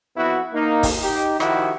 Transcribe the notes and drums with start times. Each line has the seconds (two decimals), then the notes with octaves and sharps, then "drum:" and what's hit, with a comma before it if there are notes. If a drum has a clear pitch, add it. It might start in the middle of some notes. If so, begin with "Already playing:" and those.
0.17 F2 B3 E4 F#4
0.54 A#3 D#4
0.83 drum: kick, open hi-hat
1.03 D#4 G4
1.40 D#3 F3 E4 F#4 G4, drum: rim click